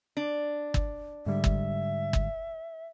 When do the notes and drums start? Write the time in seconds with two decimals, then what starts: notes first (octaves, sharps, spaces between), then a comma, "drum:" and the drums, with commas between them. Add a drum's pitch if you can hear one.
0.17 D4
0.74 drum: kick
1.26 G#2 D3 G3 E5
1.44 drum: kick
2.13 drum: kick